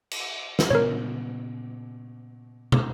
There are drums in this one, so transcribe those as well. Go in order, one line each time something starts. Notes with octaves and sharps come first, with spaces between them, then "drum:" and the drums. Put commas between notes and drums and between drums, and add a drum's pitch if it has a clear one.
drum: cymbal
drum: snare
A#2 C#3 B3 A#4 C#5
drum: tom